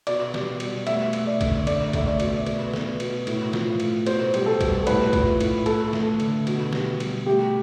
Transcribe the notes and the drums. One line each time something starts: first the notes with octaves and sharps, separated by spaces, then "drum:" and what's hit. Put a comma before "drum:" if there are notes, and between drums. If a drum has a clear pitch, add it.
B2 D5, drum: cymbal
G3, drum: snare
B2, drum: cymbal
A3 E5, drum: cymbal
A3, drum: cymbal
D5
D3, drum: kick, cymbal
A3 D5, drum: cymbal
A3 E5, drum: kick, cymbal
D5
B2, drum: cymbal
B3, drum: cymbal
B3, drum: snare
B2, drum: cymbal
A2, drum: cymbal
F3, drum: snare
A2, drum: cymbal
B2 C5, drum: cymbal
G3, drum: cymbal
A4
B2, drum: kick, cymbal
A2 B4, drum: cymbal
F3, drum: kick, cymbal
A2, drum: cymbal
A3 A4, drum: cymbal
A3, drum: snare
D3, drum: cymbal
B2, drum: cymbal
G3, drum: snare
B2, drum: cymbal
A3 G4